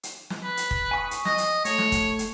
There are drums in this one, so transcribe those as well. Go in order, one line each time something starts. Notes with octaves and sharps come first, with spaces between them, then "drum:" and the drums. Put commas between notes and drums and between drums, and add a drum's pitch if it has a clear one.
drum: hi-hat
drum: snare
B4
drum: hi-hat
drum: kick
G#5 C#6 D#6
drum: hi-hat
D#5, drum: snare
drum: hi-hat
A3 C#5, drum: hi-hat
drum: snare
drum: kick, hi-hat
drum: hi-hat